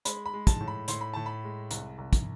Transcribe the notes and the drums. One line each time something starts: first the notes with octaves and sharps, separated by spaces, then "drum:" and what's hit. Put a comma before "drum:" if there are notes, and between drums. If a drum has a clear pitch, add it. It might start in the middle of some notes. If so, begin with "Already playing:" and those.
G#3 B5, drum: hi-hat
B5
G#3
A5, drum: kick, hi-hat
A2
B5
A2 C6, drum: hi-hat
B5
A2 A5
B5
G#3
C2, drum: hi-hat
C2
drum: kick, hi-hat